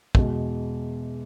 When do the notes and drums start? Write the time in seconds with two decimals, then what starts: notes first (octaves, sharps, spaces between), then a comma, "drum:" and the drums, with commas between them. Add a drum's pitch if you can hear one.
0.15 E2 B2 G#3, drum: kick